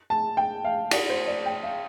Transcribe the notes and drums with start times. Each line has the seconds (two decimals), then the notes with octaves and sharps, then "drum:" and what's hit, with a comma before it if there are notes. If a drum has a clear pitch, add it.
0.10 A5
0.37 G5
0.65 F5
0.91 D5, drum: cymbal
1.10 C5
1.27 D5
1.46 G5
1.64 F5